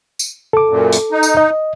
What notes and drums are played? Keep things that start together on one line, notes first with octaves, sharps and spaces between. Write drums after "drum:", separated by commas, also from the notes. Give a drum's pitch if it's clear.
drum: tambourine
A4 D6
F#2 A#2
drum: hi-hat
D#4
drum: tambourine
D#5